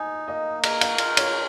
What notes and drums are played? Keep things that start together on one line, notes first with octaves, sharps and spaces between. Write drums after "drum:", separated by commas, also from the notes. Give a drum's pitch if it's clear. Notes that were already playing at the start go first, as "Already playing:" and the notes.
Already playing: D#4 G#5
A#3 D#5
A#4 D#5, drum: cymbal
F5, drum: cymbal
F4 D#5, drum: cymbal
C#5, drum: cymbal